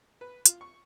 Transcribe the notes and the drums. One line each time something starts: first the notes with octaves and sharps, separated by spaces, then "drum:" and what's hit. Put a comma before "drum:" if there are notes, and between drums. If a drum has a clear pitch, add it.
B4
F4, drum: hi-hat
C#6